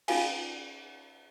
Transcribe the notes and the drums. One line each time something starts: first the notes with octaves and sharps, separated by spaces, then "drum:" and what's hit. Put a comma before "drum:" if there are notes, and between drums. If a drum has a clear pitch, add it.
C#4 D#4 F4 F5 G#5, drum: cymbal